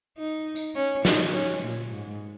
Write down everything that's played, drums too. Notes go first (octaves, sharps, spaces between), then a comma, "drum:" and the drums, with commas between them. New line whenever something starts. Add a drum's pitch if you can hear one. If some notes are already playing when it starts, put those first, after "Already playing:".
D#4
drum: tambourine
C#4
D#4, drum: snare
C#4
A#2
G#2